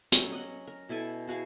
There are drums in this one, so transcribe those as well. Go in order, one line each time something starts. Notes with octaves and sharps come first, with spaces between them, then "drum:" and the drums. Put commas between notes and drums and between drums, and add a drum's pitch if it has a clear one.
F#3 G3 C#4, drum: hi-hat
D#5 F#5
A#4
B2 E4 A4 G#5
E4 F#4 G#4 F5